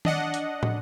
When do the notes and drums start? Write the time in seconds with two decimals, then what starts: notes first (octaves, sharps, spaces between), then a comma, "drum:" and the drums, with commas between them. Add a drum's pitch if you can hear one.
0.05 D4 D#5 F#5, drum: tom D#3
0.34 drum: hi-hat
0.63 drum: tom